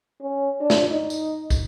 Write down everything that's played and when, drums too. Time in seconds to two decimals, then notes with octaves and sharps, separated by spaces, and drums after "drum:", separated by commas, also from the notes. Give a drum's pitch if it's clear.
0.21 C#4
0.60 D4
0.70 drum: snare
0.90 D#4
1.10 drum: tambourine
1.50 drum: kick, tambourine